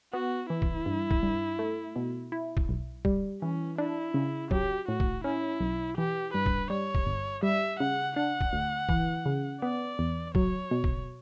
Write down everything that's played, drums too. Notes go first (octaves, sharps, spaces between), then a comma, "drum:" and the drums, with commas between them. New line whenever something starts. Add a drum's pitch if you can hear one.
B3 F#4
E3 E4
drum: kick D#1
G2
drum: kick D#1
G2
A3
B2
E4
drum: kick D#1
B1
G3, drum: kick D#1
E3 C#4
D4 E4
C#3
F#3 G4, drum: kick D#1
A2 F#4
drum: kick D#1
C#4 E4
B1
E3 G4
G2 B4
drum: kick D#1
G3 C#5
drum: kick D#1
G1
G3 E5
C#3 F#5
D4 F#5
drum: kick D#1
D2
E3, drum: kick D#1
C#3
B3 D5
E2
F#3 C#5, drum: kick D#1
B2
drum: kick D#1